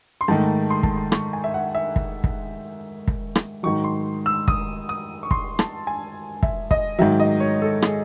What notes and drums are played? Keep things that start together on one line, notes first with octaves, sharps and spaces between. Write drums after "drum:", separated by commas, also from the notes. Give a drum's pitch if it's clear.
C6
G#2 D#3 A3 A5
C6
A5, drum: kick
C6
C#6, drum: rim click
G#5
E5
F#5
E5
drum: kick
drum: kick
drum: kick
drum: rim click
G#2 D#3 F#3 C#6
C6
E6
D#6, drum: kick
D#6
C#6
C6, drum: kick
A5, drum: rim click
G#5
E5, drum: kick
D#5, drum: kick
G#2 D#3 F#3 E5
D#5
C#5
A4
G#4, drum: rim click